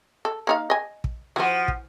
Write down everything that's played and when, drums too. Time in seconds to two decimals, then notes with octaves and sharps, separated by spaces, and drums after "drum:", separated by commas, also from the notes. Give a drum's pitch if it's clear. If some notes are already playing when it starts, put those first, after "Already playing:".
0.25 A4
0.47 A#3 D#4 F5
0.70 D#5 G#5
1.04 drum: kick
1.36 E3 F3 F#4 C5
1.68 drum: kick